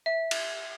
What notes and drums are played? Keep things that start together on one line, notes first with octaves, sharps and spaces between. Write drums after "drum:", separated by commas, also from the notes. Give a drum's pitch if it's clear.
E5
drum: cymbal